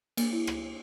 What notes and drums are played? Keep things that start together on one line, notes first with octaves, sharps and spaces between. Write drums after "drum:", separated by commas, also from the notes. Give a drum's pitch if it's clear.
A#3, drum: cymbal
E4
drum: rim click